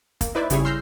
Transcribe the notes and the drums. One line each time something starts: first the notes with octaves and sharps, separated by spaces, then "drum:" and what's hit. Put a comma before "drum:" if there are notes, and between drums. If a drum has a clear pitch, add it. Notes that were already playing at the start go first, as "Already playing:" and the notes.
A#3, drum: kick, hi-hat
D#4 E4 B4 C5 D5 E5
G#1 C#3 G3 E4 G#4 C#5, drum: hi-hat
C6 E6 F6 G6 A#6 C7